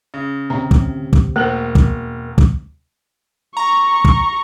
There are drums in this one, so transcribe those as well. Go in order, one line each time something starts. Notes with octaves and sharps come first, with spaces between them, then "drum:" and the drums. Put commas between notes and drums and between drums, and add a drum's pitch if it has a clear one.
C#3
D2 A2 C3 A#5
drum: kick
drum: kick
E1 A3 A#3 A#4 C5
drum: kick
drum: kick
A#5 C#6
drum: kick